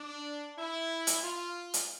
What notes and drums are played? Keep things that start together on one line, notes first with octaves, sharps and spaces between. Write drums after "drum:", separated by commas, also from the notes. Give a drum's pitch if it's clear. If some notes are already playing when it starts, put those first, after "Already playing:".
Already playing: D4
E4
drum: hi-hat
F4
drum: hi-hat